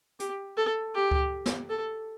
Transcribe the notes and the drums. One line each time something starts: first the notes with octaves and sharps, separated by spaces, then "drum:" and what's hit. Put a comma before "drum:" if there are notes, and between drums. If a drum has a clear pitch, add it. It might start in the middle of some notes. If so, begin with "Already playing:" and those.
G4, drum: hi-hat
A4
G4
drum: kick C#2
drum: snare
A4